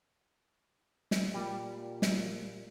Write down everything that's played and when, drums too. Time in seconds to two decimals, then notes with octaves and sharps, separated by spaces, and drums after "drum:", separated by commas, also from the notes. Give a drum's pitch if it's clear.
1.11 drum: snare
1.34 A#2 G3
2.02 drum: snare